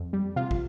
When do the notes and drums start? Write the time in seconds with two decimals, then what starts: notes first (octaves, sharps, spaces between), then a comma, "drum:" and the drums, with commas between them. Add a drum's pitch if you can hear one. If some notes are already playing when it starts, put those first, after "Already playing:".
Already playing: F2
0.13 G3
0.36 C3 F4
0.51 drum: kick